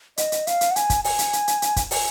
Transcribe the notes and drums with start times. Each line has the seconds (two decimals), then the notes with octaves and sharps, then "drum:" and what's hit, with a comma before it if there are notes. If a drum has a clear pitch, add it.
0.17 D#5, drum: hi-hat
0.32 drum: hi-hat
0.47 F5, drum: hi-hat
0.61 drum: hi-hat
0.71 F#5
0.76 G#5, drum: hi-hat
0.90 drum: kick, hi-hat
1.04 G#5, drum: open hi-hat
1.19 drum: hi-hat
1.33 drum: hi-hat
1.48 drum: hi-hat
1.62 drum: hi-hat
1.76 drum: kick, hi-hat
1.91 G#5, drum: open hi-hat